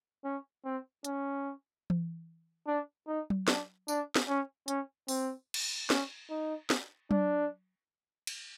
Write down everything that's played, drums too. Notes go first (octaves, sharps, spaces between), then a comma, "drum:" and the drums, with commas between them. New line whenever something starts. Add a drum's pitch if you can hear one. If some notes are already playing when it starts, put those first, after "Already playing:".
C#4
C4
C#4, drum: hi-hat
drum: tom E3
D4
D#4
drum: tom F#3
D4, drum: snare
D4, drum: tambourine
drum: snare
C#4
C#4, drum: hi-hat
C4, drum: open hi-hat
drum: cymbal
C#4, drum: snare
D#4
drum: snare
D4, drum: tom F#3
drum: cymbal